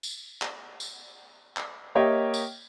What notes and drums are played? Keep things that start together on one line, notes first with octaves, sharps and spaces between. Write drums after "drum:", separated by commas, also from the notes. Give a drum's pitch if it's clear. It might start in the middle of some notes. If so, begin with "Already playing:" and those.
drum: tambourine
drum: clap
drum: tambourine
drum: clap
A#3 G4 C#5 D#5 E5 G5
drum: tambourine